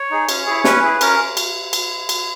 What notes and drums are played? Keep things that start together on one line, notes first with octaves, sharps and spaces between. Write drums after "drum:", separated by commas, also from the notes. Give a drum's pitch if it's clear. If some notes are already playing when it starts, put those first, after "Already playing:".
Already playing: C#5
D#4 G#4
C#4, drum: cymbal
E4 G#4
C#4 B4, drum: snare
E4 G#4
C#4 A#4, drum: cymbal
drum: cymbal
drum: cymbal
drum: cymbal